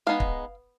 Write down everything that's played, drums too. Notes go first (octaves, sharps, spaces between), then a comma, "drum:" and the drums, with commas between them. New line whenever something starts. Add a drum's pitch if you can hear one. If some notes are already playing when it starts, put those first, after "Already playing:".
G#3 B3 D#4 F5
drum: kick